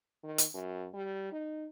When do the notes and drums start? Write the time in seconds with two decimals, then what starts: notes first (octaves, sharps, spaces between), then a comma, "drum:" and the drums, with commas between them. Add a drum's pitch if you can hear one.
0.23 D#3
0.38 drum: hi-hat
0.54 F#2
0.94 G3
1.32 D#4